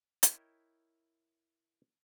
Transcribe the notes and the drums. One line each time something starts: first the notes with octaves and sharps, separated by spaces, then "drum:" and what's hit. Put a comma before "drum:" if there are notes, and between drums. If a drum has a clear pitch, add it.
E4 A#4 C#5 D#5 E5 G5, drum: hi-hat